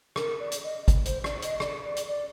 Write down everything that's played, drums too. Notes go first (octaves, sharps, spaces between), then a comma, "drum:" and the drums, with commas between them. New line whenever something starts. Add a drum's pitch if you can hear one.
A#4, drum: rim click
D5
drum: hi-hat
D#5
drum: kick, hi-hat
C5, drum: hi-hat
D5, drum: rim click
D#5, drum: hi-hat
D5, drum: rim click
D5
drum: hi-hat
D5